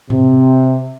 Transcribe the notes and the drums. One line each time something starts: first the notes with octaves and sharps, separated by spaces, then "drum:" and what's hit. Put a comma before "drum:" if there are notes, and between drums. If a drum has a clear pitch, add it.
C3, drum: tom G#2